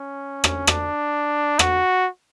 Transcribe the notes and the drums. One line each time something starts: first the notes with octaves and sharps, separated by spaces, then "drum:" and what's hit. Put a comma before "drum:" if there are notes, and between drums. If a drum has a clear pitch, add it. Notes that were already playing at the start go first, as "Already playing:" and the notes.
Already playing: C#4
drum: rim click
D4, drum: rim click
F#4, drum: rim click